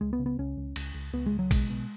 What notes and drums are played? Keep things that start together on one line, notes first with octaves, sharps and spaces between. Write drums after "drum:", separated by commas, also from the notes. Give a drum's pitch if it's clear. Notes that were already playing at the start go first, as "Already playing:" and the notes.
C#2 G#3
B3
C#3
B3
C#2 C#4
C#2
C#2, drum: cymbal
C#2
C#2 B3
G#3
C#3
F#3
B1 G#3, drum: kick, cymbal
B2